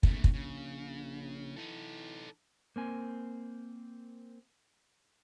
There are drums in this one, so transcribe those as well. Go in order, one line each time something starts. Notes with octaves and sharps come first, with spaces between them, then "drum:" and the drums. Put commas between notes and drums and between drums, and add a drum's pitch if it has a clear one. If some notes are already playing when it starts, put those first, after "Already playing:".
A#1 C3 A3, drum: kick
drum: kick
C#3
E3 D#4 A4
A#3 C4 G#5